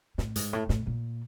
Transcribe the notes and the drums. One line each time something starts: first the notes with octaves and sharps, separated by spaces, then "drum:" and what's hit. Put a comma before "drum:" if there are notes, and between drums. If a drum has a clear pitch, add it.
A2, drum: snare
G#2, drum: hi-hat
A2
A2, drum: snare
A#2